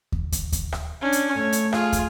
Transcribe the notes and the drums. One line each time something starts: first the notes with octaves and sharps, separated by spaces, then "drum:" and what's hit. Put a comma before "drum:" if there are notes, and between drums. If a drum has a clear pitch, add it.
drum: kick
drum: kick, hi-hat
drum: kick, hi-hat
drum: rim click
C#4 D4
drum: hi-hat
A3 C#5
drum: hi-hat
F4 G#4, drum: rim click
drum: kick, hi-hat